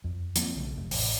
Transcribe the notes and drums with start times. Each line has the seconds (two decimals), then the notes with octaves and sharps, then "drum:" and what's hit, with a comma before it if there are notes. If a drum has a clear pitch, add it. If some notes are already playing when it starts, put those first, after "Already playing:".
0.04 F2
0.36 F3 A#3 C4, drum: hi-hat
0.55 B1 C#3 E3 A3
0.77 F1
0.91 A1, drum: open hi-hat